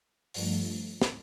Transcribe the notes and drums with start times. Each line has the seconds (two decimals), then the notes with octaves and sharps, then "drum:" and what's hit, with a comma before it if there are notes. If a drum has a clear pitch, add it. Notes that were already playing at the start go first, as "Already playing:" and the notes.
0.34 G2 F3 A3, drum: open hi-hat
1.02 drum: snare